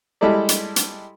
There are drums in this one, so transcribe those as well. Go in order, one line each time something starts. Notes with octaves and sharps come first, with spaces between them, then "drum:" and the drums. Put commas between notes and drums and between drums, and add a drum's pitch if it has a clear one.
G3 G#3 E4 A4 D5
drum: hi-hat
drum: hi-hat